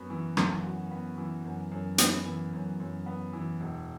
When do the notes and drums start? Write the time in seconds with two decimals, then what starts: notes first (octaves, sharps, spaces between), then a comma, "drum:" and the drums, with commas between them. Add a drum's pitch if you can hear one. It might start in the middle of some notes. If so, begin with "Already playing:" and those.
Already playing: F#2 B3 F#4
0.10 E3
0.37 F#2, drum: rim click
0.64 F#4
0.91 B3
1.18 E3
1.44 F#2
1.71 F#2
1.98 B3, drum: hi-hat
2.25 E3
2.53 F#2
2.80 F#2
3.06 B3
3.33 E3
3.60 E1